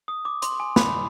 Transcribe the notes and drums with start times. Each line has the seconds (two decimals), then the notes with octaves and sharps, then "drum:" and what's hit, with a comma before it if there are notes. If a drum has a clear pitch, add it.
0.08 D#6
0.25 D6
0.42 C6, drum: hi-hat
0.60 G#5
0.76 B5, drum: snare